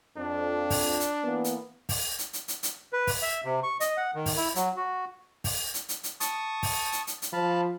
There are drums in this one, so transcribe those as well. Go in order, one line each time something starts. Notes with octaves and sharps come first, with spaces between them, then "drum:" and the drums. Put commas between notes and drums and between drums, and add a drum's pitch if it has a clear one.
F2 D4
drum: kick, open hi-hat
drum: hi-hat
E3 A#3 B3
drum: hi-hat
drum: kick, open hi-hat
drum: hi-hat
drum: hi-hat
drum: hi-hat
drum: hi-hat
B4
drum: kick, open hi-hat
E5
C3
C#6
D#5, drum: hi-hat
F#5
D#3
drum: kick, open hi-hat
E4
F#3, drum: hi-hat
F#4
drum: kick, open hi-hat
drum: hi-hat
drum: hi-hat
drum: hi-hat
A5 C#6 D#6, drum: hi-hat
drum: kick, open hi-hat
drum: hi-hat
drum: hi-hat
drum: hi-hat
F3 F5 A5 B5